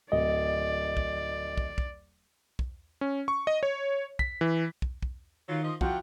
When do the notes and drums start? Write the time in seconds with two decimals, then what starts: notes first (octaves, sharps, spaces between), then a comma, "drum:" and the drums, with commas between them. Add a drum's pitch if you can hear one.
0.12 D1 D5 D#5
0.97 drum: kick
1.58 drum: kick
1.78 drum: kick
2.59 drum: kick
3.01 C#4
3.28 C#6
3.47 D#5
3.63 C#5
4.19 B6, drum: kick
4.41 E3
4.82 drum: kick
5.03 drum: kick
5.48 D#3 F#3 F4
5.63 F3 D#5
5.81 C3 F3 F4 F#4 F#5 G5, drum: kick